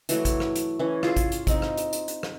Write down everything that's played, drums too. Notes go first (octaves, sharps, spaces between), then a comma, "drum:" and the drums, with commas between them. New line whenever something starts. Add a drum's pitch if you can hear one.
E3 F#3 A3, drum: hi-hat
drum: kick, hi-hat
drum: rim click
drum: hi-hat
E3 C#4
F4 G#4 A4, drum: rim click
drum: kick, hi-hat
drum: hi-hat
C4 D#4, drum: kick, hi-hat
drum: rim click
drum: hi-hat
drum: hi-hat
drum: hi-hat
drum: rim click